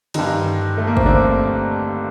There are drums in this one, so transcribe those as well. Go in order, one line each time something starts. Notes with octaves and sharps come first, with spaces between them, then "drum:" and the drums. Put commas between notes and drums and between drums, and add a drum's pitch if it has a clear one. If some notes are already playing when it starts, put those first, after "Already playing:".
G2 D3 D#3 D#4, drum: cymbal
A3
A#3
C4, drum: kick
D3 D4